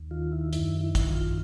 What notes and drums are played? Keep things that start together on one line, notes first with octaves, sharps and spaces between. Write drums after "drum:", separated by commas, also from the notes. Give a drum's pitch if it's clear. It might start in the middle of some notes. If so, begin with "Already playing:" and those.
Already playing: D#2
D#3 F4
E4
F#2 E4, drum: hi-hat
E4
D#3, drum: kick, hi-hat
F4